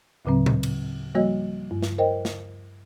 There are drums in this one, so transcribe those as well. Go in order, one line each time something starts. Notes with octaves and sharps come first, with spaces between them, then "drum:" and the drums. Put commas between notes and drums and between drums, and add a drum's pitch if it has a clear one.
D2 A2 C#3 F#3 C4
drum: tom A#2
drum: cymbal
F3 G3 A#3 F#4 C#5 D#5
G2
drum: snare
A#4 C5 D#5 G5
drum: snare